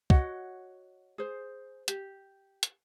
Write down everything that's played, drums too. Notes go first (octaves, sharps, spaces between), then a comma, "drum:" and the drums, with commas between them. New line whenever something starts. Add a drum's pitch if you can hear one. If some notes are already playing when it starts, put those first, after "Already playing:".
F#4 C#5 D#5 F#5, drum: kick
G#4 C5
G4, drum: hi-hat
drum: hi-hat